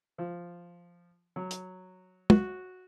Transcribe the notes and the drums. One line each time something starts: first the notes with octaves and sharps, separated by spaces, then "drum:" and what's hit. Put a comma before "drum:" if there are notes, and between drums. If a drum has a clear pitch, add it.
F3
F#3
drum: hi-hat
F#4, drum: tom